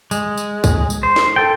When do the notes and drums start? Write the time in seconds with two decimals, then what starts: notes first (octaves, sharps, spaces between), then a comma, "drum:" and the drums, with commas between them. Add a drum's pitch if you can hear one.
0.11 G#3, drum: tambourine
0.37 drum: tambourine
0.64 drum: kick, tambourine
0.90 drum: tambourine
1.03 C5
1.16 drum: snare
1.36 A4 G5